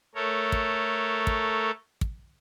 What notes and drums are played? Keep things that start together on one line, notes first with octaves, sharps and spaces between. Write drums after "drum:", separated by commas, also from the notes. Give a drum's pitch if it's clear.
A3 A4 A#4 C#5
drum: kick
drum: kick
drum: kick